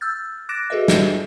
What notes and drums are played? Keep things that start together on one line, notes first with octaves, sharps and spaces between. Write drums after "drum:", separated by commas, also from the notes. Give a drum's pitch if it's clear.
E6 F6 G6 A6
D6 F#6 A6 A#6 D7 E7
F#4 G#4 A4 B4 D#5 E5
drum: snare